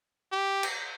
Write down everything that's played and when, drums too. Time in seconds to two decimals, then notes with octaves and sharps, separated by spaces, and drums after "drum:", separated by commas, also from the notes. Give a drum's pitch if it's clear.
0.32 G4
0.63 drum: cymbal